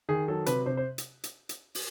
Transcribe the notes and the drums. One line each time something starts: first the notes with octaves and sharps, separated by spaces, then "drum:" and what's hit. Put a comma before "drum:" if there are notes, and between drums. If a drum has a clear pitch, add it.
D#3 G#4
F#3 A4
C3 B4, drum: hi-hat
C3 C5
C5
drum: hi-hat
drum: hi-hat
drum: hi-hat
drum: open hi-hat